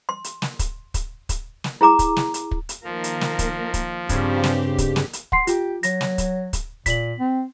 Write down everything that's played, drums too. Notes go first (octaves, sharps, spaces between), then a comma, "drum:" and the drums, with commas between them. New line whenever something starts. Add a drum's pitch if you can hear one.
C6
drum: hi-hat
drum: snare
drum: kick, hi-hat
drum: kick, hi-hat
drum: kick, hi-hat
drum: snare
E4 G#4 A#5 D6
drum: kick, hi-hat
drum: snare
drum: hi-hat
drum: kick
drum: hi-hat
D#3 F3 A#3 A#4
drum: hi-hat
drum: snare
drum: kick, hi-hat
drum: kick, hi-hat
G2 C#3 C4 D4 G4, drum: kick, hi-hat
drum: snare
drum: kick, hi-hat
drum: snare
drum: hi-hat
F#5 C6 C7, drum: kick
F4 G4, drum: hi-hat
F#3 A#6, drum: hi-hat
drum: snare
drum: kick, hi-hat
drum: kick, hi-hat
A#2 B6 F#7, drum: kick, hi-hat
C4